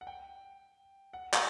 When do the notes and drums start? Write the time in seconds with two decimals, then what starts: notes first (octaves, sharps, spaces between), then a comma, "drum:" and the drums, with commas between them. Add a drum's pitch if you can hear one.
0.01 F#5
0.07 G5
1.13 F#5
1.34 E5, drum: clap